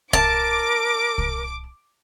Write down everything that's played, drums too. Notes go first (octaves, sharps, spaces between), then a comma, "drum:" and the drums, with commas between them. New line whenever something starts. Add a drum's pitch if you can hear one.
A#4 A5 D6, drum: kick C2
drum: kick C2